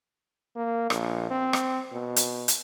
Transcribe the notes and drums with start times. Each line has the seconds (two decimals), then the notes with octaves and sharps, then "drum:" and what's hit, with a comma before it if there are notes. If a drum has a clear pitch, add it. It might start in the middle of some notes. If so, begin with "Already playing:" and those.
0.56 A#3
0.90 A#1, drum: rim click
1.30 C4
1.53 drum: rim click
1.92 B2
2.16 drum: hi-hat
2.48 drum: hi-hat